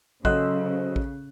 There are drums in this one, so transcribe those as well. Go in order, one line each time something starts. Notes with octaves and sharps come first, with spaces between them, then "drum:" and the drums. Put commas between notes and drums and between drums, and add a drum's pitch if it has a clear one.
C#3 F#3 A4 C5 D#5 E6 F#6, drum: kick A1
drum: kick A1